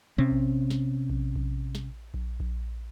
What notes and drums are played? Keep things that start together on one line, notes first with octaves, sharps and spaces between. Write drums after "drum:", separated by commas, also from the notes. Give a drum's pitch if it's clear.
C3 C4 C#4
drum: kick A#1
drum: snare
drum: kick A#1
drum: kick A#1
drum: snare
drum: kick A#1
drum: kick A#1